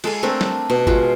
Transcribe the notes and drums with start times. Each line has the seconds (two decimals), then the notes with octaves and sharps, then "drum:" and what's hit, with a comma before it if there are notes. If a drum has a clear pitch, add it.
0.04 G#3 A4 F5 G#5, drum: cymbal
0.23 A3 C4 D4 A#4
0.41 drum: snare
0.70 B2
0.87 G#3 F4 F#4, drum: kick G#1